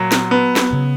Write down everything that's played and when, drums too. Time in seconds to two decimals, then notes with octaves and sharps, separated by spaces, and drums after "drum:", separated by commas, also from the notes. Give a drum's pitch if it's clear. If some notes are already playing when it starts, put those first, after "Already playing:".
Already playing: A#2 F#3
0.12 drum: snare
0.31 B3
0.56 drum: snare
0.73 C#3